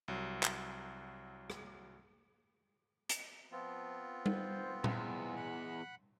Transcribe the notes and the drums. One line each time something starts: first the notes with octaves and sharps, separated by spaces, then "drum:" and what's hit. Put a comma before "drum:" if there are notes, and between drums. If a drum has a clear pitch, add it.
C2 F#3
drum: clap
drum: rim click
drum: hi-hat
F3 B3 C4 F4
C5, drum: tom G3
E2 G#3, drum: tom A#2
F#5 B5